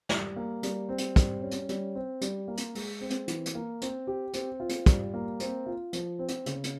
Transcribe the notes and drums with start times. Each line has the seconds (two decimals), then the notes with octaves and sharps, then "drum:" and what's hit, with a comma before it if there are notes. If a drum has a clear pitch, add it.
0.09 G3, drum: snare
0.36 A#3
0.63 G3, drum: hi-hat
0.89 C4
0.98 drum: hi-hat
1.16 G3, drum: kick, hi-hat
1.42 C#4
1.51 drum: hi-hat
1.69 G3, drum: hi-hat
1.95 C4
2.21 G3, drum: hi-hat
2.48 A#3
2.57 drum: hi-hat
2.75 G#3, drum: open hi-hat
3.01 C4
3.10 drum: hi-hat
3.28 E3, drum: hi-hat
3.46 drum: hi-hat
3.55 A#3
3.81 C4, drum: hi-hat
4.07 G4
4.33 C4, drum: hi-hat
4.60 F4
4.69 drum: hi-hat
4.86 G3, drum: kick, hi-hat
5.14 A#3
5.40 C4, drum: hi-hat
5.66 F4
5.93 F3, drum: hi-hat
6.19 C4
6.28 drum: hi-hat
6.46 C#3, drum: hi-hat
6.64 drum: hi-hat